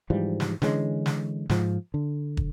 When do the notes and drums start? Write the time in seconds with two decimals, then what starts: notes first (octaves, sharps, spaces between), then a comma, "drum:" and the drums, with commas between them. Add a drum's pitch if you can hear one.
0.10 G#2 E3 F3 G3
0.40 drum: snare
0.62 D3 E3 G#3 C#4, drum: snare
1.06 drum: snare
1.49 G#2 F3, drum: snare
1.94 D3
2.37 drum: kick